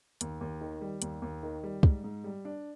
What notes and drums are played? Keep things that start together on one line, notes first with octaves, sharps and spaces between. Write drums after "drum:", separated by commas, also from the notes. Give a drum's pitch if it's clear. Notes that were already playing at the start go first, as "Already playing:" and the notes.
D#2, drum: hi-hat
D#2
D#3
G3
D#2, drum: hi-hat
D#2
D#3
G3
G#2, drum: kick
G#2
G3
D4